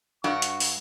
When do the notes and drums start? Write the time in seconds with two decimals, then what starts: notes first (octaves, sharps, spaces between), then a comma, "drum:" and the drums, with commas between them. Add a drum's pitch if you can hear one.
0.24 G2 F#4 C#6
0.42 drum: hi-hat
0.60 drum: open hi-hat